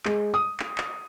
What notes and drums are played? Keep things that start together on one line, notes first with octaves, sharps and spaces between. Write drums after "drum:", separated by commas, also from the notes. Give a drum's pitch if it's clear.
G#3, drum: clap
D#6
drum: clap
drum: clap